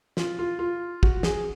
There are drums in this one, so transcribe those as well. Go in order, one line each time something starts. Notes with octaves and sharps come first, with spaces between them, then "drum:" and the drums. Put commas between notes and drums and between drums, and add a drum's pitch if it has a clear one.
F4, drum: snare
F4
F4
F#4, drum: kick
G#4, drum: snare